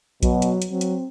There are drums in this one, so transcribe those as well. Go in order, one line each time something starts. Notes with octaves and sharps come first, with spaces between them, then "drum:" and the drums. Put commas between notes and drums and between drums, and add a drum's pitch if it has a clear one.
B2 F#3, drum: kick A#1, hi-hat
drum: hi-hat
drum: hi-hat
F#3 C4
drum: hi-hat